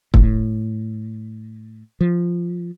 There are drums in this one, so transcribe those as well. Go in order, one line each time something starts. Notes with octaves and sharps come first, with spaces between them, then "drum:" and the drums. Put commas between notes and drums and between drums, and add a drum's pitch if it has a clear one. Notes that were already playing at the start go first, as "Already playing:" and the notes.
A2, drum: kick
F3